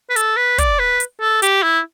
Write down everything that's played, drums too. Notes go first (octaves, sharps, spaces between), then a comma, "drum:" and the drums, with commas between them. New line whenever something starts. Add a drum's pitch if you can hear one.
B4
A4, drum: hi-hat
B4
D5, drum: kick, hi-hat
B4
drum: hi-hat
A4
G4, drum: hi-hat
E4